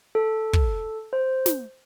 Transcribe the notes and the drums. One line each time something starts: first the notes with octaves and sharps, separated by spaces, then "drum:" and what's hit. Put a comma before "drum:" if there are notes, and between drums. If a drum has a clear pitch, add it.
A4
drum: kick
C5
drum: snare